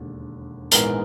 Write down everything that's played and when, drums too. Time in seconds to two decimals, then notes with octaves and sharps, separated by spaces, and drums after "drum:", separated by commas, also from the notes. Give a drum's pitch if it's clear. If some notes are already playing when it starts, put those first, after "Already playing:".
Already playing: E1 D#2 D3
0.71 A#1 G#2 E3 G#3 B3 A#4, drum: hi-hat